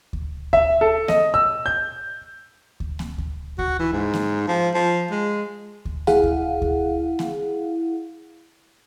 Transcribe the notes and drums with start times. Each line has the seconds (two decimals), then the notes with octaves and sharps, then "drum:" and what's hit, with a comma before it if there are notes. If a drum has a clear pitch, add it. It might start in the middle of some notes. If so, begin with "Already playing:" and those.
0.13 drum: kick D2
0.53 E5, drum: kick D2
0.81 A4
1.08 D#5, drum: snare A#3
1.34 E6
1.66 G6
2.80 drum: kick D2
2.99 drum: snare A#3
3.18 drum: kick D2
3.58 F#4, drum: kick D2
3.79 E3
3.92 G#2
4.14 drum: snare A#3
4.48 F3
4.74 F3
5.11 G#3
5.85 drum: kick D2
6.07 E4 G#4 F5 F#5, drum: snare A#3
6.24 drum: kick D2
6.62 drum: kick D2
7.19 drum: snare A#3